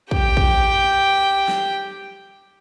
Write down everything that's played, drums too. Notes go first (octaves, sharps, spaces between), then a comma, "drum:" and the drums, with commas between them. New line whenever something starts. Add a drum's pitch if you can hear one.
G4 G5, drum: kick
drum: kick
drum: snare